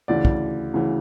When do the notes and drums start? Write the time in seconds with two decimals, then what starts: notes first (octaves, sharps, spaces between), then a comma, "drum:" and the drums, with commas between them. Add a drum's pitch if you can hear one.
0.08 D2 C#3 E3 D5
0.25 drum: kick
0.74 D2 C#3 E3